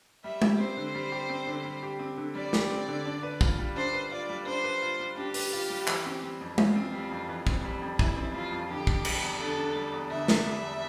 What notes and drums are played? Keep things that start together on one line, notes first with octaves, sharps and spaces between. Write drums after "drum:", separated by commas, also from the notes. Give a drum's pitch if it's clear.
G3 E5
G4, drum: tom G#3
C4 C5
D3
G3
G4
C4
D3
G3
G4
C4
D3
G3 D5
G4, drum: snare
C4
D3
D4
B4
F4, drum: kick
G3
D4 C5
B4
F4 D5
G3
D4 C5
B4
F4
G3
D4 G4
B4, drum: open hi-hat
F4
G3
E3, drum: clap
C4
G3
F2
E3 F4, drum: tom G#3
C4
G3
F2
E3
C4, drum: kick
G3
F2
E3 E4, drum: kick
C4
G3 F4
F2
D3 G4
D4, drum: kick
G3, drum: cymbal
E2
D3 A4
D4
G3
E2
D3 E5
D4, drum: snare
G3
E2